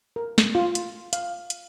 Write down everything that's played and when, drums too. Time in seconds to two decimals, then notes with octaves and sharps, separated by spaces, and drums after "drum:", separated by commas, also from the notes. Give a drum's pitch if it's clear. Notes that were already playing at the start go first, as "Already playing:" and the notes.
0.16 A#4
0.38 drum: snare
0.55 F4
0.75 drum: hi-hat
1.13 F5, drum: hi-hat
1.50 drum: hi-hat